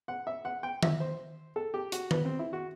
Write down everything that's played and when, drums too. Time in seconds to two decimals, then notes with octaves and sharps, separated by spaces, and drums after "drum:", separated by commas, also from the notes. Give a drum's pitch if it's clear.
0.08 F#5
0.27 E5
0.45 F#5
0.63 G5
0.83 E5, drum: tom D#3
1.00 C5
1.56 A4
1.74 G4
1.92 F#4, drum: hi-hat
2.11 B3, drum: tom D#3
2.25 C4
2.39 E4
2.53 F#4